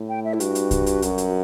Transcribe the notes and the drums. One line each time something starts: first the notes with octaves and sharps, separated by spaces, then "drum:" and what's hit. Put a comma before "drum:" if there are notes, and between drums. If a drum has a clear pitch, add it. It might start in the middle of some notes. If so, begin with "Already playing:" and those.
Already playing: A2
G5
E5
E4
G2 F#4, drum: hi-hat
drum: hi-hat
drum: kick C2, hi-hat
drum: hi-hat
F#2, drum: hi-hat
drum: hi-hat